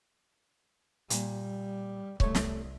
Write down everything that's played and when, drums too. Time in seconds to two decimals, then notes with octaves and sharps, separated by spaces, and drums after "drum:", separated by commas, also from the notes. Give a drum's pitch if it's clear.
1.10 A#2 G3, drum: hi-hat
2.20 C2 A3 C#5, drum: kick C#1
2.35 drum: snare